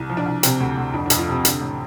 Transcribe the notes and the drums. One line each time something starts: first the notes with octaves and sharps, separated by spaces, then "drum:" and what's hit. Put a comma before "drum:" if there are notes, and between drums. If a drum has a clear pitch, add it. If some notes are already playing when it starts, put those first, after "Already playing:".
Already playing: C2
F3
D4
C2
C3 C4, drum: hi-hat
D2
D2
F2 D4
D4
F2, drum: hi-hat
F4
C3 C4
D3, drum: hi-hat
A1